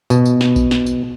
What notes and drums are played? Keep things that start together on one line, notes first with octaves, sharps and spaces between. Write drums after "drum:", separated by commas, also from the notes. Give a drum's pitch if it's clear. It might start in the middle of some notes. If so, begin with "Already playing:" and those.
B2, drum: tambourine
drum: tambourine
drum: snare
drum: kick A#1, tambourine
drum: snare
drum: tambourine